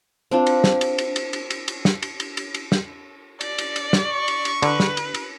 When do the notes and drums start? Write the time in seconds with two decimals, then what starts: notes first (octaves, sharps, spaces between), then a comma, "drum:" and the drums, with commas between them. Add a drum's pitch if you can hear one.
0.31 C4 D4 F4
0.46 drum: cymbal
0.64 drum: snare
0.81 drum: cymbal
0.98 drum: cymbal
1.16 drum: cymbal
1.33 drum: cymbal
1.50 drum: cymbal
1.68 drum: cymbal
1.85 drum: snare
2.02 drum: cymbal
2.20 drum: cymbal
2.37 drum: cymbal
2.54 drum: cymbal
2.72 drum: snare
3.41 D5, drum: cymbal
3.58 drum: cymbal
3.76 drum: cymbal
3.93 drum: snare
4.05 C#6
4.28 drum: cymbal
4.45 drum: cymbal
4.62 D3 B4, drum: cymbal
4.80 drum: snare
4.97 drum: cymbal
5.14 drum: cymbal